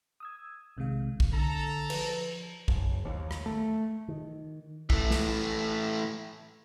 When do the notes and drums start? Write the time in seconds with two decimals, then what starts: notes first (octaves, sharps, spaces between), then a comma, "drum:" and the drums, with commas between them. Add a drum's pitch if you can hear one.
0.20 D#6 E6 G#6
0.77 B1 C3 D#3 G#3 F5
1.20 drum: kick
1.32 D3 A4 A#5
1.90 F3 B4, drum: cymbal
2.68 F#1, drum: kick
3.05 D#2
3.31 drum: rim click
3.46 A3
4.08 D#3
4.90 E3 A3, drum: kick
5.11 drum: snare